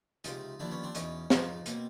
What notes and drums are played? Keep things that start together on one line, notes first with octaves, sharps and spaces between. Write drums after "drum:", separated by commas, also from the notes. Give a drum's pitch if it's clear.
C#2 C3 F3 D#4 F4, drum: hi-hat
D#2 D3 F3 D4 E4
B3 C#4
C4 D4
E2 B2 C#4 D#4, drum: hi-hat
F2 C#3 F3 D#4 F4, drum: snare
B2 A#3 C4, drum: hi-hat